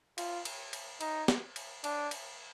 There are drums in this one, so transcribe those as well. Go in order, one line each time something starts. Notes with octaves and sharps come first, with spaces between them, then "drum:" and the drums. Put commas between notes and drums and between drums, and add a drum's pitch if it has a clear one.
F4, drum: cymbal
drum: cymbal
drum: cymbal
D#4, drum: cymbal
drum: snare
drum: cymbal
D4, drum: cymbal
drum: cymbal